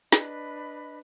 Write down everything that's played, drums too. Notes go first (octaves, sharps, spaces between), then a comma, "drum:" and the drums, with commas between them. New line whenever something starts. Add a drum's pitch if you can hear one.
D4 B4 D#5 B5, drum: snare